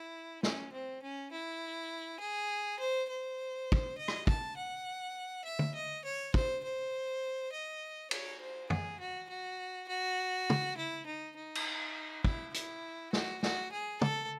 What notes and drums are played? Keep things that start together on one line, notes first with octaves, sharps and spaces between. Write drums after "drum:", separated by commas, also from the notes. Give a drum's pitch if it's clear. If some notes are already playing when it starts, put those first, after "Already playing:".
Already playing: E4
C#4, drum: snare
C4
C#4
E4
G#4
C5
C5
drum: kick
D#5
drum: rim click
A5, drum: kick
F#5
E5
drum: tom
D#5
C#5
C5, drum: kick
C5
D#5
C#5, drum: cymbal
C5
G#4, drum: tom
F#4
F#4
F#4
drum: tom
E4
D#4
D#4
drum: cymbal
E4, drum: kick
E4, drum: hi-hat
F#4, drum: snare
F#4, drum: snare
G#4
A4, drum: tom